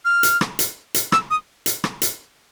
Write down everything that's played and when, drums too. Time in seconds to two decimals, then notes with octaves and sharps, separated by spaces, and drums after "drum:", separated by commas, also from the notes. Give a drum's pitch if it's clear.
0.05 F6
0.23 drum: hi-hat
0.41 drum: rim click
0.59 drum: hi-hat
0.94 drum: hi-hat
1.12 E6, drum: rim click
1.30 D#6
1.66 drum: hi-hat
1.84 drum: rim click
2.02 drum: hi-hat